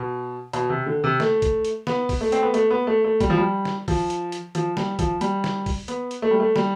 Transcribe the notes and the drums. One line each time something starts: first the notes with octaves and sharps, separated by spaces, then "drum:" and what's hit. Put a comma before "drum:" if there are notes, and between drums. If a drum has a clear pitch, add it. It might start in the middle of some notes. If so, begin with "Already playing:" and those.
Already playing: B2
B2, drum: hi-hat
C3
D3
C3
A3, drum: snare
drum: kick, hi-hat
drum: hi-hat
B3, drum: snare
drum: kick, open hi-hat
A3
C4, drum: hi-hat
B3
A3, drum: hi-hat
B3
A3
A3
G3, drum: kick, hi-hat
F3
G3
drum: snare
F3, drum: kick, open hi-hat
drum: hi-hat
drum: hi-hat
F3, drum: hi-hat
G3, drum: snare
F3, drum: kick, hi-hat
G3, drum: hi-hat
drum: snare
drum: kick, open hi-hat
B3, drum: hi-hat
drum: hi-hat
A3
G3
A3
G3, drum: snare